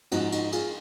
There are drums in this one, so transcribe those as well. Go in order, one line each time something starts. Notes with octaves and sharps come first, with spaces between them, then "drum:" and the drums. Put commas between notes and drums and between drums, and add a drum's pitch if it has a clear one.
G#2 F3 D#4 F#4, drum: cymbal
D#4 F#4, drum: cymbal
F4 G#4, drum: cymbal